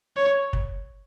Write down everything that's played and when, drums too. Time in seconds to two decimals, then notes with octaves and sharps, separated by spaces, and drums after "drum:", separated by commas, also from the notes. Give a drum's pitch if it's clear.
0.17 C#5
0.53 drum: kick